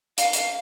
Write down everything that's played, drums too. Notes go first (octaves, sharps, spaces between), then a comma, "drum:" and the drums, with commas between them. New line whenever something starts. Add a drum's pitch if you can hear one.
F5, drum: hi-hat
drum: hi-hat